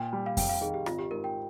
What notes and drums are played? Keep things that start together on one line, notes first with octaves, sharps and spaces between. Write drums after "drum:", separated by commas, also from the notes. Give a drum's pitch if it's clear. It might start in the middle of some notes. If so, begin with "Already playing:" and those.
Already playing: A#2 G5
G3
F5
F2 G5, drum: kick F2, open hi-hat
F5
D#3 G#4
G4
G#1 F4, drum: rim click
G4
G#2 A#4
G5